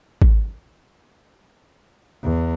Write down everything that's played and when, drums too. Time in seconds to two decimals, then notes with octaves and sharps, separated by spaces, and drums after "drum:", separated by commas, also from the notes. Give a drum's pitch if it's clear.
0.22 drum: kick G#1
2.23 E2